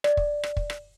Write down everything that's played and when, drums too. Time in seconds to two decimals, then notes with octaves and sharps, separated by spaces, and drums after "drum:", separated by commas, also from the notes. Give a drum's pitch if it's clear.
0.04 D5, drum: rim click
0.17 drum: kick
0.43 drum: rim click
0.57 drum: kick
0.70 drum: rim click